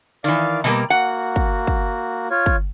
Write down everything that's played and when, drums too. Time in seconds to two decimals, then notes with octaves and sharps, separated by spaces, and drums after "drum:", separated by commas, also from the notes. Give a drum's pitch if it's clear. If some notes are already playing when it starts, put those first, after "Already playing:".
0.24 D#3 E3 D5 F5
0.64 B2 G3 A#3 A#5 E6
0.90 A#3 F#4 F#5
1.36 drum: kick
1.67 drum: kick
2.30 F4 C#5
2.46 drum: kick